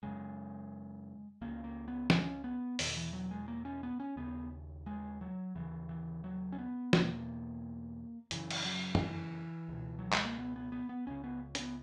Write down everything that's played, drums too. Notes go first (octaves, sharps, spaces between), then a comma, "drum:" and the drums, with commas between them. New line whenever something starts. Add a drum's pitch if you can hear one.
F#2 C#3 G#3
C#2 C#3 A#3
A#3
B3
C#4, drum: snare
B3
E2 B2 D#3, drum: open hi-hat
E3
F#3
G#3
A#3
C#4
B3
C#4
D#2 C#3 B3
G#3
F#3
D#2 C#3 E3
E3
F#3
C#4
B3
E2 B2 A#3, drum: snare
F#2 C#3 E3, drum: hi-hat
drum: cymbal
F#3
D#3, drum: tom F#2
E3
C#2 B2
F#3
G#3, drum: clap
A#3
B3
B3
B3
B3
C#2 C#3 C#4
B3
C#4, drum: hi-hat
B3